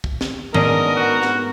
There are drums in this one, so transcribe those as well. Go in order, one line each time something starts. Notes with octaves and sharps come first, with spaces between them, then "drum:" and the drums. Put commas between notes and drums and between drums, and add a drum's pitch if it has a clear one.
drum: kick
drum: snare
G#2 B3 C#4 D4 A#4 D#5, drum: tom D#3
F#4
drum: snare